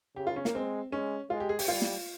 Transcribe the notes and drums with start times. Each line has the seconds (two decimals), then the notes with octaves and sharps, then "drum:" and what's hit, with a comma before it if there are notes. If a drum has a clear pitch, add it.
0.16 C#3 G4
0.27 F4
0.36 C#4
0.45 A#3, drum: snare
0.54 G#3 C4
0.92 G#3 C#4
1.30 G#3 F4
1.40 G4
1.49 G#4
1.59 G4, drum: open hi-hat
1.68 G3 F4
1.82 drum: snare